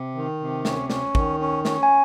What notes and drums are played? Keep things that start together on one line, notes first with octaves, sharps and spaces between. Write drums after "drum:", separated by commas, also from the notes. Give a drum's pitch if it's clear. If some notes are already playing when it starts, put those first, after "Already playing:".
Already playing: C3
D#3
C3
C#4, drum: snare
C#4, drum: snare
D#3, drum: kick
C#4
C#4, drum: snare
G#5